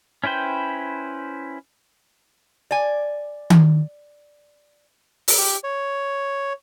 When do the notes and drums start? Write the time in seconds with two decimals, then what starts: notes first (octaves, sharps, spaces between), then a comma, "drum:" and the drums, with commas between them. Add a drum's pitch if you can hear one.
0.24 C#4 E4 B4 C5 G5
2.71 D5 G#5
3.50 drum: tom D#3
5.28 drum: open hi-hat
5.38 G4
5.64 C#5